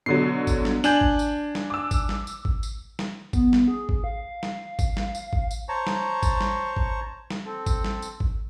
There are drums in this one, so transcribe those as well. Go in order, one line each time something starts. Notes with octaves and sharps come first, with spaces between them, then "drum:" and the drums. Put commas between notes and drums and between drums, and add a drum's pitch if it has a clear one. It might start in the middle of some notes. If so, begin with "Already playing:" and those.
B2 D3 F#3 C7
drum: kick G#1, tambourine
drum: snare
D4 G#5 G6 F#7, drum: tambourine
drum: kick G#1
drum: tambourine
drum: snare
D6 E6
drum: kick G#1, tambourine
drum: snare
drum: tambourine
drum: kick G#1
drum: tambourine
drum: snare
B3, drum: kick G#1, tambourine
drum: snare
G#4
drum: kick G#1
F5
drum: snare
drum: kick G#1, tambourine
drum: snare
drum: tambourine
drum: kick G#1
drum: tambourine
C5 C#5 A5 A#5 C#6
drum: snare
drum: kick G#1, tambourine
drum: snare
drum: kick G#1
drum: snare
C4 A4
drum: kick G#1, tambourine
drum: snare
drum: tambourine
drum: kick G#1